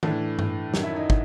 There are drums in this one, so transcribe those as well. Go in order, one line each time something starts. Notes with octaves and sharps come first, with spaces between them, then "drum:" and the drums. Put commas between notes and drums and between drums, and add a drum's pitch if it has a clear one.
A2 E3 D4, drum: tom D#3
drum: tom G2
F#2 D#3 F#3, drum: snare
E4
D#4
drum: kick